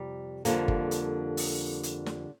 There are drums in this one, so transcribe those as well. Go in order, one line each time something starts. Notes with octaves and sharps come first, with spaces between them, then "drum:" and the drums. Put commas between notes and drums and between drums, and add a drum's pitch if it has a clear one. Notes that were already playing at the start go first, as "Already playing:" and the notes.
Already playing: F2 C3 G3
F2 D3 G3 A#3, drum: hi-hat
drum: kick G1
drum: hi-hat
drum: open hi-hat
drum: hi-hat
drum: snare